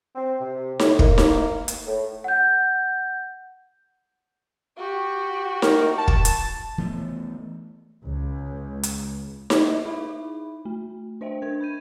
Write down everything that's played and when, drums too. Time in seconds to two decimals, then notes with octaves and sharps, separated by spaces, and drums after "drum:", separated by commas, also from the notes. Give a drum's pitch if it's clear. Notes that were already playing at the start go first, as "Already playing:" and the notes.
0.15 C4
0.39 C3
0.79 A2, drum: snare D#4
0.99 A#3, drum: kick
1.18 drum: snare D#4
1.68 drum: hi-hat
1.86 A2
2.24 F#5 G6
4.77 F#4 G4
5.62 A#4, drum: snare D#4
5.98 A5
6.08 drum: kick
6.25 drum: hi-hat
6.78 E3 A3 B3
8.04 C#2
8.83 drum: hi-hat
9.50 drum: snare D#4
9.85 D#4 E4 G#4 E5 B5
10.65 A3
11.21 D4 C5 D#5 E5 G5
11.42 D4 A#4 G#6
11.61 B5 G6 G#6 D#7